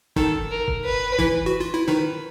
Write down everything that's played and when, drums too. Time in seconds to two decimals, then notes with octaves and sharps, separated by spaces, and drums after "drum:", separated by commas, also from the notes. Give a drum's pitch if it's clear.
0.16 D#3 D#4 A4, drum: kick G1
0.51 A#4
0.68 drum: kick G1
0.85 B4
1.19 E3 E4, drum: kick G1
1.46 F#4
1.60 F4
1.74 E4
1.87 D#3 D#4 B4